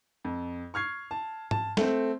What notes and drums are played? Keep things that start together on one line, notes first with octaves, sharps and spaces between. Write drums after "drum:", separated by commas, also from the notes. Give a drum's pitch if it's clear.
F2
C#6 F6 G#6 C7
A5
A5, drum: tom G#2
A3 C4, drum: snare